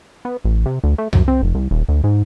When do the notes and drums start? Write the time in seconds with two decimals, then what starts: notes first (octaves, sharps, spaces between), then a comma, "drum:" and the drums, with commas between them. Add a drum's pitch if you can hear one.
0.25 B3
0.45 A1
0.66 C3
0.84 D2
0.98 A3
1.13 F#2, drum: tom C2
1.28 C4
1.43 F1
1.54 C2
1.71 D#1
1.88 D2
2.04 G#2